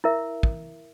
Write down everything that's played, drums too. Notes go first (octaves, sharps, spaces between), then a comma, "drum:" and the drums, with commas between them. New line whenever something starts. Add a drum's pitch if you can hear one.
E4 A#4 E5
drum: kick